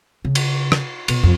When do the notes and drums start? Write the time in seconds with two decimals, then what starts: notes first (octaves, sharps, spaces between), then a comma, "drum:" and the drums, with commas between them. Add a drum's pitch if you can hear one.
0.25 C#3
0.35 drum: cymbal
0.72 drum: rim click
1.08 B2, drum: cymbal
1.23 F2